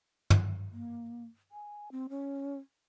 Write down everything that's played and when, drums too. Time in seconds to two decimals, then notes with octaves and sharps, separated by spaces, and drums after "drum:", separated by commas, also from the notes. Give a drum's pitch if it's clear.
0.30 drum: tom
0.72 A#3
1.52 G#5
1.92 C4
2.09 C#4